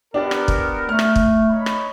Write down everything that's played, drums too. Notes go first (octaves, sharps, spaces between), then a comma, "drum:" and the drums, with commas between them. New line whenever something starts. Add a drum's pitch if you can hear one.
B3 D4 G4 A#4 D5
drum: rim click
drum: kick
A3 F6
drum: rim click
drum: kick
D#4 C#5 B5
drum: rim click